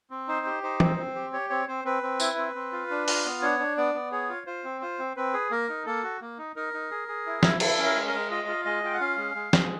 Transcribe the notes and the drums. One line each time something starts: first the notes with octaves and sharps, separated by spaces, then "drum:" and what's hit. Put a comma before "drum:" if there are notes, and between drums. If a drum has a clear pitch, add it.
C4
D#4 C5
G4
D#4 C5
C4, drum: tom
C4
G4
G4 C#5
C4 C#5
C4 C5
C4 B4
C4
E4, drum: tambourine
C4
C4
F4
D4
F4, drum: open hi-hat
B3
D4 C#5
D4
B3 D5
B3
G#4 C#5
F4
F4 C5
C4
F4 C5
C4
C4 B4
G#4
A#3 A#4
D#4
A#3 A4
F#4
A#3
D#4
D#4 A#4
D#4
G#4
G#4
E4
E4, drum: snare
E4 A4, drum: cymbal
C#4
A#4
G#3
A#4
G#3
F4 D#5
F4
G#3 D#5
F4 G5
F#5
C#4 F5
G#3
G#3
G#3, drum: snare